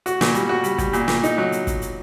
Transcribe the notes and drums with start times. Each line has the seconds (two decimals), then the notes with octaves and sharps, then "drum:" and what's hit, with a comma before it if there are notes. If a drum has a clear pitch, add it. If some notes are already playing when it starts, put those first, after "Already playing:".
0.06 F#4, drum: hi-hat
0.21 A#2, drum: snare
0.34 G3, drum: hi-hat
0.49 F#4
0.64 G3, drum: hi-hat
0.78 G3, drum: kick, hi-hat
0.93 A#2, drum: hi-hat
1.08 A#2, drum: snare
1.23 D#4, drum: hi-hat
1.38 F#3
1.52 drum: hi-hat
1.67 drum: kick, hi-hat
1.82 drum: hi-hat